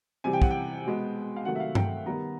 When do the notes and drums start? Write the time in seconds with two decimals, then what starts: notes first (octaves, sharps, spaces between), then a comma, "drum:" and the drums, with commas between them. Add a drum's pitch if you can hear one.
0.24 C3 E3 G3 G#5
0.33 G5
0.42 F#5, drum: kick
0.51 G5
0.85 B2 G#3 B3
1.36 F5
1.45 C3 D#3 F#3 A3 F#5
1.55 E5
1.60 F5
1.75 G5, drum: tom G2
2.06 D#3 G3 B3 A#5